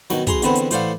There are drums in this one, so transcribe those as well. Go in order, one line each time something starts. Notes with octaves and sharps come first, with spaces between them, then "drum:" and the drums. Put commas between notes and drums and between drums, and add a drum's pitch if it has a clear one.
B2 D#3 F#3, drum: snare
B1 G#4 A#5 C6, drum: kick, hi-hat
E2 D3 B3 C4 B4 F#5, drum: hi-hat
drum: hi-hat
A2 E3 C5 D5 F5 F#5, drum: hi-hat